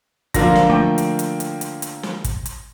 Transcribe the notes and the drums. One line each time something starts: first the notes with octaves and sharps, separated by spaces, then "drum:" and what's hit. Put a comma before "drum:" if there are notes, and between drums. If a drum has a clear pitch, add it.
D3 F3 A#3 D4 F4 A#6, drum: kick, hi-hat
drum: snare
A3 G5 D6
drum: hi-hat
drum: hi-hat
drum: hi-hat
drum: hi-hat
drum: hi-hat
drum: snare
drum: kick, hi-hat
drum: hi-hat